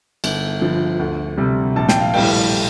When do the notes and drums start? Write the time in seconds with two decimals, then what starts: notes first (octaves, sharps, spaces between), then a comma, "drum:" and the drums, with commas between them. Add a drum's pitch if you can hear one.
0.24 G1, drum: cymbal
0.61 G2 D3 F3
0.99 D2
1.38 C3 G3
1.76 A#1 A5
1.89 G5, drum: snare
2.01 F5
2.14 A2 G3 G5, drum: cymbal